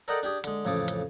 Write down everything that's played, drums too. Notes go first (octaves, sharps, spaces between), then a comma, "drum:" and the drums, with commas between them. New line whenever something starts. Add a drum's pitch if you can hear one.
A4 A#4 D5 D#5 F#5 G5
D4 G4 G#4
D3 G#3, drum: hi-hat
A1 F2 C#3 G#4 A4 D6
drum: hi-hat